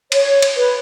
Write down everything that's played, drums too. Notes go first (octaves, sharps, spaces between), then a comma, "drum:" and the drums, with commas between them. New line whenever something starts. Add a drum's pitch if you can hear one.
C#5, drum: cymbal
drum: cymbal
B4